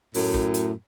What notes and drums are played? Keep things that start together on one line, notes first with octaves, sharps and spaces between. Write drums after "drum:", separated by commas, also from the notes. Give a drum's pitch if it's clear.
F#2 A2, drum: open hi-hat
drum: kick
drum: hi-hat